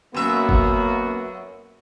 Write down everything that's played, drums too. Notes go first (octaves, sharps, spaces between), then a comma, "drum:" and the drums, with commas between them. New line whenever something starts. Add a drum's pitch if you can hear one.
F#2 A#3 B3 F#4 E5
drum: kick F#1